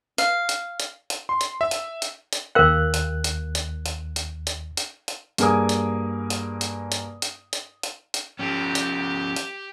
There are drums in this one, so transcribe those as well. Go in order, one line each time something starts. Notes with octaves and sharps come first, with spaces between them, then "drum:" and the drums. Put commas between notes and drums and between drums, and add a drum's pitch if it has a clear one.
F5, drum: hi-hat
drum: hi-hat
drum: hi-hat
drum: hi-hat
C6
drum: hi-hat
E5
drum: hi-hat
drum: hi-hat
drum: hi-hat
D#2 A#4 F5 G5 F#6
drum: hi-hat
drum: hi-hat
drum: hi-hat
drum: hi-hat
drum: hi-hat
drum: hi-hat
drum: hi-hat
drum: hi-hat
G2 A#3 G#4 A#4 G#5 D#6, drum: hi-hat
drum: hi-hat
drum: hi-hat
drum: hi-hat
drum: hi-hat
drum: hi-hat
drum: hi-hat
drum: hi-hat
drum: hi-hat
F3 C#4 G4
drum: hi-hat
drum: hi-hat